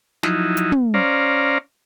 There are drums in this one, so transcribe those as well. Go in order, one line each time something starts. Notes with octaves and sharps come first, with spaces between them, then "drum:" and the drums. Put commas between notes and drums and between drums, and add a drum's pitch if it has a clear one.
F3 F#3 D#4 E4, drum: snare
drum: hi-hat
drum: tom
C#4 C5 D5 F5 A#5